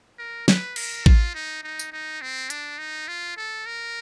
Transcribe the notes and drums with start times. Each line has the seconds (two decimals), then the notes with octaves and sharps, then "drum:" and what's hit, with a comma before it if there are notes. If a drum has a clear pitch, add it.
0.19 A#4
0.48 B4, drum: snare
0.76 A#4, drum: cymbal
1.06 F4, drum: kick A1
1.35 D#4
1.63 D#4
1.79 drum: tambourine
1.92 D#4
2.22 C4
2.50 D4, drum: hi-hat
2.79 D#4
3.08 F4
3.37 A4
3.66 A#4